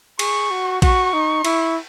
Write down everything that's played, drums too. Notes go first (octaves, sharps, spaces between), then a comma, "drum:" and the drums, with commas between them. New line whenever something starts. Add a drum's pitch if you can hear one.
G#4 C#6, drum: cymbal
F#4
F#4 C#6, drum: kick A#1, cymbal
D#4
E4, drum: cymbal